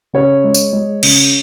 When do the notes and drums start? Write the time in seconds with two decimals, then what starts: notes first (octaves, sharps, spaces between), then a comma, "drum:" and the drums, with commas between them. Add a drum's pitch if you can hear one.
0.13 C#3 C#5
0.44 G#3
0.54 drum: tambourine
0.73 G#3
1.03 C#3, drum: cymbal